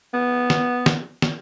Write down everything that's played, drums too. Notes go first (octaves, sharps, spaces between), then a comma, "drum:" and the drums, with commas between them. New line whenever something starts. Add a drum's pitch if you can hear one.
B3
drum: snare
drum: snare
drum: snare